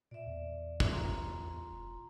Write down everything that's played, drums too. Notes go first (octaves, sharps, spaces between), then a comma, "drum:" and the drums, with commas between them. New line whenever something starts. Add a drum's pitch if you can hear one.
A#2 D5 E5
E2
drum: kick
F4 A#5 C6
F1